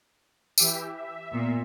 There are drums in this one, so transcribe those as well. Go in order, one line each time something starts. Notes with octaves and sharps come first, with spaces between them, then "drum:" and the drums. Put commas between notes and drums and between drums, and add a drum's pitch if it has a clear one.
E3 G4 E5, drum: tambourine
E5
A#2 B3